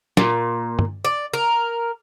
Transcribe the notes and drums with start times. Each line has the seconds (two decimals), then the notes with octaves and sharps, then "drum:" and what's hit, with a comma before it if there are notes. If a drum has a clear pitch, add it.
0.17 A#2, drum: snare
0.79 drum: tom
1.05 D5
1.34 A#4